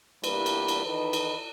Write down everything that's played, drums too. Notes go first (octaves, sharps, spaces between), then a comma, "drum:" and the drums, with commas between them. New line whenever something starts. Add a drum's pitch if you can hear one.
E2 G2 G3 A#3 E4 B4, drum: cymbal
drum: cymbal
drum: cymbal
D#3 E3 D#4 A4 B4
drum: cymbal